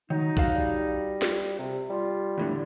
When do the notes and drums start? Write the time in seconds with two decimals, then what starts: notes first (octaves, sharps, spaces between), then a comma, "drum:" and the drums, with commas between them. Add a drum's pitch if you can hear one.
0.10 D#3 F#3 D#4
0.37 F#4 A4 F5, drum: kick B1
0.55 G3
1.22 drum: snare
1.59 C3
1.90 G3 F4
2.38 E2 A2 D3